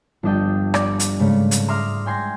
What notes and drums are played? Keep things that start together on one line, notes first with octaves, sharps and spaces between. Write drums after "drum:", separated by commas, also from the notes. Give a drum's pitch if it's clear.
G1 F3 D4 D#5 G5 A5
D5 D6, drum: rim click
drum: hi-hat
G#2 C#3 A3
drum: hi-hat
E5 A#5 C6 D6 D#6 F6
G5 G#5 C6 G6 A#6 C7